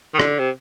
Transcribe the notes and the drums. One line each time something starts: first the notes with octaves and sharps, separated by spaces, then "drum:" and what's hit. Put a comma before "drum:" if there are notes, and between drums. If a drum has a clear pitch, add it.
D#3
D3, drum: rim click
C3